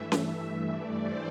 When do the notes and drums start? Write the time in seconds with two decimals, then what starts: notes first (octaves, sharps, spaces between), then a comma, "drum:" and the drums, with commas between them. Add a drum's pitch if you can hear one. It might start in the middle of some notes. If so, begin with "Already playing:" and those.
Already playing: G2 E3 A3 E5
0.12 drum: snare C#4
0.42 E5
0.71 G2 E3 A3 D5
1.00 C5